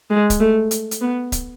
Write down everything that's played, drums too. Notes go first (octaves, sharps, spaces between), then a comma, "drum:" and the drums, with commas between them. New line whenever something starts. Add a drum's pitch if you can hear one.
G#3
drum: kick C#1, hi-hat
A3
drum: hi-hat
drum: hi-hat
B3
drum: kick C#1, hi-hat